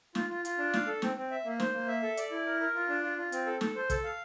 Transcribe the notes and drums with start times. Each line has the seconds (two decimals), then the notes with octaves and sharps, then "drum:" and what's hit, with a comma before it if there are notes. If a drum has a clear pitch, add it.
0.15 F4, drum: snare
0.30 F4
0.45 F4, drum: hi-hat
0.58 D4
0.73 F5, drum: snare
0.87 A4
1.02 C4, drum: snare
1.16 C4
1.31 E5
1.45 A#3
1.60 C5, drum: snare
1.74 A#3
1.88 E5
2.02 A4
2.17 D5, drum: hi-hat
2.31 E4
2.46 A#4
2.60 A#4
2.75 F4
2.89 D4
3.03 F4
3.18 F4
3.32 C4, drum: hi-hat
3.46 A4
3.61 A4, drum: snare
3.75 C5
3.90 A4, drum: kick, hi-hat
4.04 F5